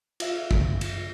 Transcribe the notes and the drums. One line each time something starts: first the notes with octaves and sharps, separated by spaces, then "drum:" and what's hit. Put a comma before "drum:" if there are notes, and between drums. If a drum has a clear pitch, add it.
F4 E5, drum: cymbal
drum: kick
drum: cymbal